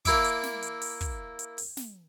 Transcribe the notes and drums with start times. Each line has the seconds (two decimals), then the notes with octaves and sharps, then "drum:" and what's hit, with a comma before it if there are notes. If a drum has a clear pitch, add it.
0.05 A#3 E4 E5 D6, drum: kick, hi-hat
0.24 drum: hi-hat
0.43 drum: snare
0.62 drum: hi-hat
0.82 drum: open hi-hat
1.01 drum: kick, hi-hat
1.39 drum: hi-hat
1.58 drum: open hi-hat
1.77 drum: snare